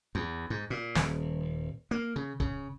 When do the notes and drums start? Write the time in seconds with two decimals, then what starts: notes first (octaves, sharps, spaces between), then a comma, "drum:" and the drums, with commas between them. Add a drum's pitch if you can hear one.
0.15 E2
0.50 G#2
0.70 A#2
0.95 D#1, drum: snare
1.91 A#3
2.16 C#3
2.40 C#3, drum: kick